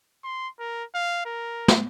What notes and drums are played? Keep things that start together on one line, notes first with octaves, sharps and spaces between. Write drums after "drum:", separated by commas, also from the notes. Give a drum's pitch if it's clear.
C6
A#4
F5
A#4
drum: snare